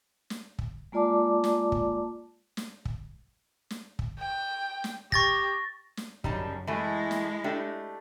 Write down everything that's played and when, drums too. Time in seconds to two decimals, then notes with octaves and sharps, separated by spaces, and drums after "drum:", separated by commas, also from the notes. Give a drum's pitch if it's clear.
0.30 drum: snare
0.59 drum: kick
0.92 G#3 A#3 F4 D5 A5 D6
1.44 drum: snare
1.72 drum: kick
2.57 drum: snare
2.85 drum: kick
3.70 drum: snare
3.99 drum: kick
4.19 G5
4.84 drum: snare
5.12 G4 C#6 A6 A#6, drum: kick
5.97 drum: snare
6.24 F#2 C#3 G3 D#4 A5, drum: kick
6.67 E3 G#3 A3 E4
7.11 drum: snare
7.44 A3 D4 G4